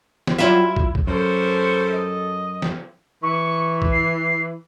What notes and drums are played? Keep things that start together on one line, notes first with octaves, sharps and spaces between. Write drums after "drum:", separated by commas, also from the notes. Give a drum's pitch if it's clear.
drum: snare
F#3 G3 E4 F4 E5
drum: kick
drum: kick
F#2 G3 A4 A#4 C5 C#6
D#5
drum: snare
E3 C#6
drum: kick
C7